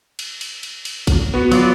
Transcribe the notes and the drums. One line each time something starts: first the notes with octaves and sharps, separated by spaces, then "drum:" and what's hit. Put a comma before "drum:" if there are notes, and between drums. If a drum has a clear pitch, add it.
drum: cymbal
drum: cymbal
drum: cymbal
drum: cymbal
drum: kick A1, cymbal
B3 F#4
F#3 F4 D5, drum: cymbal